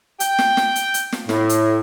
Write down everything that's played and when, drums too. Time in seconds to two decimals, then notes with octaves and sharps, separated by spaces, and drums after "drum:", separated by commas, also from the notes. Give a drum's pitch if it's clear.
0.20 G5, drum: hi-hat
0.39 drum: snare
0.57 drum: snare
0.76 drum: hi-hat
0.94 drum: hi-hat
1.12 drum: snare
1.29 A2, drum: snare
1.49 drum: hi-hat